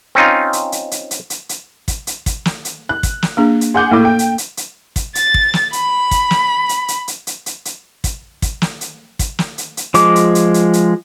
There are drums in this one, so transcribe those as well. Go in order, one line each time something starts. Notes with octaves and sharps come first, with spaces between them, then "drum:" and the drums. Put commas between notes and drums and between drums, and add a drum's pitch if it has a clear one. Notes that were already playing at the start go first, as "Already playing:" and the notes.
C4 C#4 D#4 F4
drum: hi-hat
drum: hi-hat
drum: hi-hat
drum: hi-hat
drum: hi-hat
drum: hi-hat
drum: kick, hi-hat
drum: hi-hat
drum: kick, hi-hat
drum: snare
drum: hi-hat
F#6
drum: kick, hi-hat
drum: snare
A#3 D4 G#4
drum: hi-hat
G#4 F#5 C6 D6 G6
A2 A#3 A4 D6
G5
drum: hi-hat
drum: hi-hat
drum: hi-hat
drum: kick, hi-hat
A6, drum: hi-hat
drum: kick
drum: snare
B5, drum: hi-hat
drum: kick, hi-hat
drum: snare
drum: hi-hat
drum: hi-hat
drum: hi-hat
drum: hi-hat
drum: hi-hat
drum: hi-hat
drum: kick, hi-hat
drum: kick, hi-hat
drum: snare
drum: hi-hat
drum: kick, hi-hat
drum: snare
drum: hi-hat
drum: hi-hat
F3 G#3 D6, drum: hi-hat
drum: hi-hat
drum: hi-hat
drum: hi-hat
drum: hi-hat